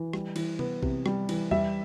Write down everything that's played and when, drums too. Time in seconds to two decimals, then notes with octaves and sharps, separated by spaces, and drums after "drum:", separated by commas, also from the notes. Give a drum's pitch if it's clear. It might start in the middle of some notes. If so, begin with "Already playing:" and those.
Already playing: E3
0.13 G3, drum: rim click
0.36 E3, drum: cymbal
0.59 B3, drum: tom C3
0.83 C3, drum: kick A#1
1.06 G3, drum: rim click
1.29 E3, drum: cymbal
1.51 G3 E5, drum: tom E2